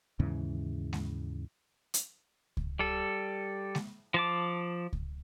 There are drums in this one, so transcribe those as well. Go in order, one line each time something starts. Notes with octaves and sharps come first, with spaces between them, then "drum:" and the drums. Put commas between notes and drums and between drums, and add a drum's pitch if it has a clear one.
D#2 G#2 C#3 E3
drum: snare G#3
drum: hi-hat
drum: kick C#2
G3 A4
drum: snare G#3
F3 A5 D6
drum: kick C#2